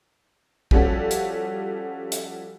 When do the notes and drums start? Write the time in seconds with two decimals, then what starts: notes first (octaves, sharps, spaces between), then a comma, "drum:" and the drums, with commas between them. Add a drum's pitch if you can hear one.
0.71 F3 G3 C#4 F#4 A4, drum: kick
1.11 drum: hi-hat
2.12 drum: hi-hat